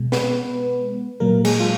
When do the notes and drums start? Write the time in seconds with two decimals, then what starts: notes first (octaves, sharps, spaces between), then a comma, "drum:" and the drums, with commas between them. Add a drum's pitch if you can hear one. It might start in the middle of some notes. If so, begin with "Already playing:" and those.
Already playing: B2 G#3
0.12 B3 B4, drum: snare
1.20 A#2 F#3 A#3 A#4
1.45 G#3 G#4, drum: cymbal
1.60 F4